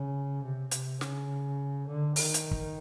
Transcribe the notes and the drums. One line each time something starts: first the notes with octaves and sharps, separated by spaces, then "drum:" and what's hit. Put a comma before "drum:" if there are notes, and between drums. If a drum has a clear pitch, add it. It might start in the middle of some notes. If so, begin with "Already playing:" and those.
Already playing: C#3
C3
C3, drum: hi-hat
C#3, drum: snare
D3
D#3, drum: open hi-hat
drum: hi-hat
drum: kick